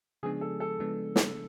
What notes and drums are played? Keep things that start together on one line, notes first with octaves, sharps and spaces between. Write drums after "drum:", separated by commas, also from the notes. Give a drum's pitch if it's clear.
C#3 F3 G#3 B3 D4 G#4
A4
A4
C#3 F3 G#3 B3 D4
drum: snare